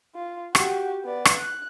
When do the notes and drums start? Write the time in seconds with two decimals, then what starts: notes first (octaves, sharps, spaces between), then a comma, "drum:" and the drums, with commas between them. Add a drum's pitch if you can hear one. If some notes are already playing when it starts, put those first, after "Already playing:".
0.15 F4
0.55 F#4 G4, drum: rim click
1.04 B3 D5
1.25 drum: rim click
1.38 F#6